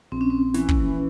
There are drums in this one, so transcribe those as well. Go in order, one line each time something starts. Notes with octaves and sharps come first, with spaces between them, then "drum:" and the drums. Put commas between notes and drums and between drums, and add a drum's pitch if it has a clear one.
A#1 C4
C#4
C4
E3 C#4, drum: snare
drum: kick